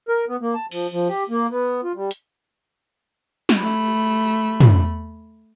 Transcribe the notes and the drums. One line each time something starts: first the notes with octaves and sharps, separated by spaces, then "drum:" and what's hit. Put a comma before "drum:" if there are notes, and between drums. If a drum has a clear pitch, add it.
A#4
B3
A#3
A5
F3, drum: cymbal
F3
G4
A#3
B3
F4
G3
drum: hi-hat
drum: snare
A3 B5
drum: tom